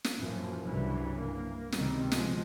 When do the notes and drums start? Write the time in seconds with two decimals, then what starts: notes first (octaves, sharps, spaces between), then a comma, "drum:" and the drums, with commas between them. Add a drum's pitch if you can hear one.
0.04 drum: snare
0.18 F#2 A#2 E3 F3
0.62 C2 G2 C#3 E3 F#3
1.22 A#3
1.72 C#2 C3 D#3 G3 C4, drum: snare
2.12 B2 F3 G#3, drum: snare